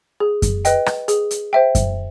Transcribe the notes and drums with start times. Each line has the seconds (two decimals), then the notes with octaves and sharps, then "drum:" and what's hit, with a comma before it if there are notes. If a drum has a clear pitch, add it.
0.20 G#4
0.42 drum: kick F#2, hi-hat
0.65 B4 D#5 G5, drum: hi-hat
0.86 drum: rim click
1.08 G#4, drum: hi-hat
1.31 drum: hi-hat
1.53 C5 E5 G5
1.75 drum: kick F#2, hi-hat